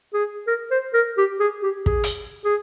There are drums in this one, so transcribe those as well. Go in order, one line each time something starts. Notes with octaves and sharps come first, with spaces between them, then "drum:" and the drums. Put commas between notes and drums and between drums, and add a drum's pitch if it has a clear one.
G#4
A#4
C5
A#4
G4
G#4
G4
G#4, drum: kick
drum: hi-hat
G#4